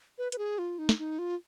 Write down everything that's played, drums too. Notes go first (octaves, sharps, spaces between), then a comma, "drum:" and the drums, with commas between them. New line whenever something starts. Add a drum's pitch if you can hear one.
B4
B4, drum: hi-hat
G#4
F4
D#4
drum: snare
D#4
F4